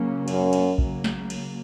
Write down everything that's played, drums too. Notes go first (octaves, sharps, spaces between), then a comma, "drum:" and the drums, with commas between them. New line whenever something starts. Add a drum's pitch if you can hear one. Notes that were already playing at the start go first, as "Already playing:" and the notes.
Already playing: C#3 F#3 A#3 C#4
F#2, drum: cymbal
drum: cymbal
C#3 F#3 A#3, drum: kick A#1
drum: snare
drum: cymbal